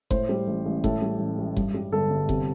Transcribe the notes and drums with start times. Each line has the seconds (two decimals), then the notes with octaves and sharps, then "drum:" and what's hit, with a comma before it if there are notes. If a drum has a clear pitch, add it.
0.11 A2 C5, drum: kick F#1
0.29 G3
0.47 A1
0.66 A1
0.84 A2 A4, drum: kick F#1
1.02 G3
1.20 A1
1.38 A1
1.57 G2, drum: kick F#1
1.74 G3
1.92 G1 A4
2.10 G1
2.29 C3, drum: kick F#1